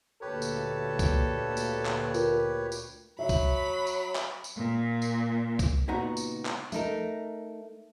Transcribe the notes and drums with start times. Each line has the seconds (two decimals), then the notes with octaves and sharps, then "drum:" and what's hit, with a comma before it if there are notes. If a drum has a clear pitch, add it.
0.22 D2 A#2 A#3 G4 A4 B4 C#5
0.42 drum: tambourine
0.99 drum: kick C2, tambourine
1.57 drum: tambourine
1.86 drum: clap
2.14 F4 A#4, drum: tambourine
2.72 drum: tambourine
3.19 F#3 E5 B5
3.29 drum: kick C2, tambourine
3.87 drum: tambourine
4.16 drum: clap
4.44 drum: tambourine
4.55 A#2
5.02 drum: tambourine
5.59 drum: kick C2, tambourine
5.88 C#2 A#2 B3 D#4 F#4 A#5
6.17 drum: tambourine
6.45 drum: clap
6.72 A3 D#4 A#4, drum: tambourine